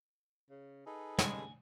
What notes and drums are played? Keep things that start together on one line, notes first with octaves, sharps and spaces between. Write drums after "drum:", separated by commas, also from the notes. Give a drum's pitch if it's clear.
C#3
D#4 G#4 A4 B4
D2 C#3 G3 G#3 F#5 G#5, drum: snare